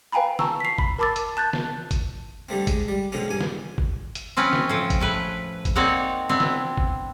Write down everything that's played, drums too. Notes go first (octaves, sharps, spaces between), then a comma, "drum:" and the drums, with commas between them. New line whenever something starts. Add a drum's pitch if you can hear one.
B4 F5 G5 G#5 A#5 B5
A5 A#5 C#6 E6, drum: snare
B6 C7
B5, drum: kick G1
A#4 A5 B5 D6 E6 A6
drum: hi-hat
A5 F#6 G6 A6
drum: snare
drum: kick G1, hi-hat
D3 G3 A3 C4
G#3, drum: kick G1, hi-hat
G3
B2 D3 G#3 C4 C#4
E2 G2 G#5
drum: snare
drum: kick G1
drum: hi-hat
F3 C4 C#4 B4
drum: snare
A2 F3
drum: kick G1, hi-hat
A2 A3 B4
drum: kick G1, hi-hat
A#3 C4 D#4 C#5 D5 F#5
B3 C4 D4 E4
drum: snare
drum: kick G1